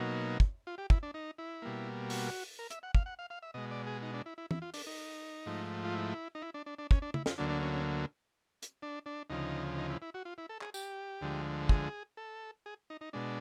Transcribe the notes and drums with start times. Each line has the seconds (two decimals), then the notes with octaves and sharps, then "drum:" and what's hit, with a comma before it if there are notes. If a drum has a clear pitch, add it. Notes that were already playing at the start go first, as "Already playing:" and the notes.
Already playing: B2 F#3 A#3 D#4
0.40 drum: kick
0.67 F4
0.78 G4
0.90 E4, drum: kick
1.03 D4
1.14 D#4
1.38 E4
1.62 B2 G3 A#3
2.10 F#4, drum: open hi-hat
2.59 A#4
2.71 E5, drum: hi-hat
2.83 F#5
2.95 F5, drum: kick
3.06 F#5
3.19 F5
3.30 F5
3.42 E5
3.54 B2 G#3 D#5
3.71 D5
3.87 G#4
4.03 D#4
4.14 D4
4.26 E4
4.38 E4
4.51 E4, drum: tom
4.62 F4
4.74 D4, drum: open hi-hat
4.87 D#4
5.46 G#2 F3 A3
5.85 F4
5.94 E4
6.35 D#4
6.42 E4
6.54 D4
6.66 D4
6.79 D4
6.91 C#4, drum: kick
7.02 D4
7.14 E4, drum: tom
7.26 F4, drum: snare
7.38 D2 D3 F#3 A#3 D4
7.50 D4
7.62 C#4
7.73 C#4
8.63 drum: hi-hat
8.82 D4
9.06 D4
9.30 D2 C#3 F3 D#4
9.78 D#4
9.90 E4
10.02 E4
10.14 F#4
10.25 F4
10.38 E4
10.49 A4
10.62 G#4, drum: clap
10.74 G4, drum: tambourine
11.21 D2 D3 F3 G#3
11.62 A4
11.69 G#4, drum: kick
12.17 A4
12.66 G#4
12.90 D#4
13.01 D#4
13.13 B2 G#3 D4